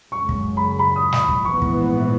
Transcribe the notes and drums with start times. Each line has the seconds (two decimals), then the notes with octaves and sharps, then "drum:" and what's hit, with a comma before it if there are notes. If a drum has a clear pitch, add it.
0.12 F#2 C#3 G#3 C#6
0.29 drum: kick
0.57 B5
0.79 B5
0.96 D#6
1.12 D#6, drum: snare
1.29 drum: kick
1.45 A#1 G#2 E3 B3 C#6
1.62 drum: kick